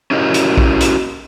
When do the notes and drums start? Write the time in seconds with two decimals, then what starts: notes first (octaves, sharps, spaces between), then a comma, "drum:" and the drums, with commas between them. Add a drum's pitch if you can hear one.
0.11 C#4 E4 F#4 G4 A#4 D#5
0.34 drum: hi-hat
0.57 drum: kick
0.81 drum: hi-hat